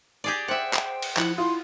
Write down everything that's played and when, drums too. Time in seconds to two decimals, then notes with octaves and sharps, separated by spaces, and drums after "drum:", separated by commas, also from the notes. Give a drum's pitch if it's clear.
0.24 G4 G#4 D5
0.48 C5 E5 F#5 G5
0.74 drum: clap
1.02 drum: cymbal
1.17 F3 E4 F#5, drum: clap
1.38 E4 F4 C6